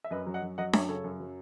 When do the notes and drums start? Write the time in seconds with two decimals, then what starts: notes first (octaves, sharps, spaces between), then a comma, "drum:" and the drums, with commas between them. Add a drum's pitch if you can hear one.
0.04 E5
0.11 F#2 B4 D#5
0.27 F#3
0.34 D#5 F#5
0.42 F#2
0.58 F#3 D#5 F#5
0.73 F#2 C#5 E5, drum: snare D4
0.89 C#3 A4 C#5
1.04 F#2
1.20 F#3